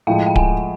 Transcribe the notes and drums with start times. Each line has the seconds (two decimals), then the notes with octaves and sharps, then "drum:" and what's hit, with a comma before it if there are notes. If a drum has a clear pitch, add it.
0.07 A2 F3 G#3 F5 G5
0.27 G5
0.36 F#5 G#5, drum: kick D1